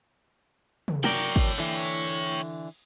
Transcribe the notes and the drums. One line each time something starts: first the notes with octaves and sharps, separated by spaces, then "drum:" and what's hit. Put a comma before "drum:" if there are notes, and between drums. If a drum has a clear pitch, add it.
drum: tom
F#3 A#4 C#5 D5 G5, drum: snare
drum: kick
D3 E3
drum: cymbal